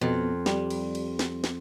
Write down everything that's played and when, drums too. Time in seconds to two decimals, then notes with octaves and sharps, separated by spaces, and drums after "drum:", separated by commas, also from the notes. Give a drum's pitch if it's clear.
0.01 F2 B2
0.46 G3, drum: snare
0.70 drum: cymbal
0.95 drum: cymbal
1.19 drum: snare
1.44 drum: snare